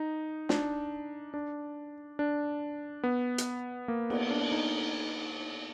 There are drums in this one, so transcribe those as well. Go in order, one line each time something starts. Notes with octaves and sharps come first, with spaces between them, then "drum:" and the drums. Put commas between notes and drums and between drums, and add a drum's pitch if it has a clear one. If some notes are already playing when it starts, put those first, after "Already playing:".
Already playing: D#4
D4, drum: snare
D4
D4
B3
drum: hi-hat
A#3
B3, drum: cymbal
D4
D#4